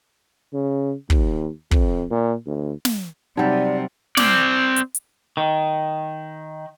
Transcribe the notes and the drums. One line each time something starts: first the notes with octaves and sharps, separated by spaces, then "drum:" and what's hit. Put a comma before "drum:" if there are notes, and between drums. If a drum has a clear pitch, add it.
C#3
D#2, drum: kick
F2, drum: kick
A#2
D2
drum: snare
C3 F#3 G3 D#4 D5
C4 D5, drum: snare
drum: hi-hat
drum: hi-hat
D#3